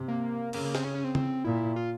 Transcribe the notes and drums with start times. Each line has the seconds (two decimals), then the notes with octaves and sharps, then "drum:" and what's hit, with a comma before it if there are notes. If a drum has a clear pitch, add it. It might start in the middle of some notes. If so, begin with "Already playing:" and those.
Already playing: C3
0.08 A#3
0.53 C#3 A#3, drum: cymbal
0.65 A#3
0.75 C4, drum: snare
0.85 C#4
0.95 C#4
1.04 C4
1.15 C4, drum: tom C#3
1.45 A#2 E4
1.76 F4